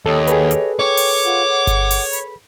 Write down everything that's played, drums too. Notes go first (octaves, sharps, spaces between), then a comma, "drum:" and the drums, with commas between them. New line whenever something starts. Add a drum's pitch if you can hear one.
D#2 G4 A4 C#5 D#5
G#4 A4 B4, drum: hi-hat
drum: hi-hat
C#5 G5 D6
drum: open hi-hat
F4 F#5
F#5 C6
drum: kick G1, hi-hat
drum: open hi-hat
B5, drum: hi-hat